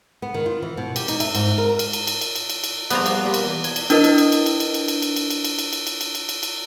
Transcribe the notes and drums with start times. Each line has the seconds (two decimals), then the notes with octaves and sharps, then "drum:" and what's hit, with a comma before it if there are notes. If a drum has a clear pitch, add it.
0.22 B3
0.34 D#3
0.46 F4
0.62 E3
0.77 B2
0.96 G4, drum: cymbal
1.08 D#4, drum: cymbal
1.20 E5, drum: cymbal
1.35 G#2, drum: cymbal
1.58 A#4
1.79 drum: cymbal
1.93 drum: cymbal
2.07 drum: cymbal
2.21 drum: cymbal
2.35 drum: cymbal
2.50 drum: cymbal
2.64 drum: cymbal
2.90 A#1 G2 B3 C5 A#5, drum: cymbal
3.06 drum: cymbal
3.23 A#2 G4 A#4
3.34 drum: cymbal
3.44 E3
3.64 G5 G#5, drum: cymbal
3.76 drum: cymbal
3.90 D4 E4 A#4 B4 D#5, drum: cymbal
4.04 drum: cymbal
4.18 drum: cymbal
4.32 drum: cymbal
4.46 drum: cymbal
4.60 drum: cymbal
4.74 drum: cymbal
4.88 drum: cymbal
5.02 drum: cymbal
5.16 drum: cymbal
5.30 drum: cymbal
5.44 drum: cymbal
5.59 drum: cymbal
5.73 drum: cymbal
5.87 drum: cymbal
6.01 drum: cymbal
6.15 drum: cymbal
6.29 drum: cymbal
6.43 drum: cymbal